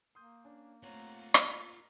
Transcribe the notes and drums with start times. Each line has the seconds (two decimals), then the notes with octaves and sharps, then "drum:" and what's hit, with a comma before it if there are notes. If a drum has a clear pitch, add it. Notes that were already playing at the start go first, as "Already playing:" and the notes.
0.15 A#3 C6 D#6 G6
0.44 C#4 D4
0.83 A3 C4 F4 C#5 F#5 A#5
1.34 A#4, drum: rim click